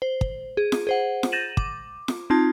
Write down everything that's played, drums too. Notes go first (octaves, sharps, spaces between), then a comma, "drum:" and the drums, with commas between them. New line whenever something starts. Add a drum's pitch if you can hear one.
C5
drum: kick
G#4
drum: snare
G#4 C5 F#5
drum: snare
G6 A6 A#6 D#7 E7 F#7
D6, drum: kick
drum: snare
C4 D#4 F4 A5 G#6